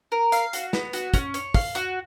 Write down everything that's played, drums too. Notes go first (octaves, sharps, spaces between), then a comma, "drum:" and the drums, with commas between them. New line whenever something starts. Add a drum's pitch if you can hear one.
A#4
F5, drum: hi-hat
F#4, drum: hi-hat
B3, drum: snare
F#4, drum: hi-hat
C#4, drum: kick, hi-hat
C#5, drum: hi-hat
F5, drum: kick, open hi-hat
F#4, drum: hi-hat